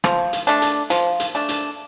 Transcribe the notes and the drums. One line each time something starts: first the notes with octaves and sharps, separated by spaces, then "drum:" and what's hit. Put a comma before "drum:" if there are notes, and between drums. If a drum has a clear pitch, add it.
F3, drum: rim click
drum: hi-hat
A3 D4
drum: hi-hat
F3, drum: hi-hat
drum: hi-hat
A3 D4
drum: hi-hat